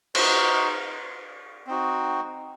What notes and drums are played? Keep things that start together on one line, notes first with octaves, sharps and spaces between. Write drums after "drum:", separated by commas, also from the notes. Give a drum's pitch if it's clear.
D#4 F#4 C5, drum: cymbal
C4 D#4 F#4